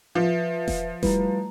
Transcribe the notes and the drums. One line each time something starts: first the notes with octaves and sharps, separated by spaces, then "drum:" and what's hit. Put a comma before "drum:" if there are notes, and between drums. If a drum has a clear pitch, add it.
F3 B4 E5
drum: snare E1
G3 A3 E4 B4 A#5, drum: snare E1